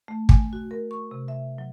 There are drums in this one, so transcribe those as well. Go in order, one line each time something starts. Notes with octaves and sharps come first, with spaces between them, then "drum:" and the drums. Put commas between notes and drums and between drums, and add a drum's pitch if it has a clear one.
A3
G#5, drum: kick
F#4
A#4
C#6
C3
E5
F#3